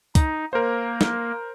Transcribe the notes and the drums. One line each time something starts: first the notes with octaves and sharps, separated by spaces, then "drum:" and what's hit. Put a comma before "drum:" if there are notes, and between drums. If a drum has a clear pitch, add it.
D#4, drum: kick, hi-hat
A#3 A#4 C5
drum: snare